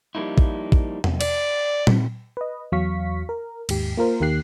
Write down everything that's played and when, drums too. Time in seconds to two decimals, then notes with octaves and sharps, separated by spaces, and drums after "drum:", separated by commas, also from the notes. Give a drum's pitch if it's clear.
0.15 F3 G3 A#3 D#4 E4
0.38 drum: kick
0.72 drum: kick
1.04 drum: tom
1.21 D5, drum: cymbal
1.87 drum: tom A#2
2.37 B4 D#5
2.72 E2 F#3 F5 C#6 B6
3.29 A#4
3.69 D#2 G#2 G4, drum: cymbal
3.97 A#3 F4 A#4 C5
4.20 D#2 D#3 A#3 G4 F#6 C7